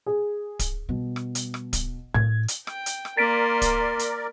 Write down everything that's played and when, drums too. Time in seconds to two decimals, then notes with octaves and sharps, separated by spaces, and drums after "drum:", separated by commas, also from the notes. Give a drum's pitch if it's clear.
0.06 G#4
0.59 drum: kick D1, hi-hat
0.89 B2 G3
1.16 drum: rim click
1.35 drum: hi-hat
1.54 drum: rim click
1.73 drum: kick D1, hi-hat
2.14 A2 G#6
2.48 drum: hi-hat
2.67 G5, drum: rim click
2.86 drum: hi-hat
3.05 drum: rim click
3.17 A#3 A#4 D5 C6 A6 B6 D7
3.62 drum: kick D1, hi-hat
3.99 drum: hi-hat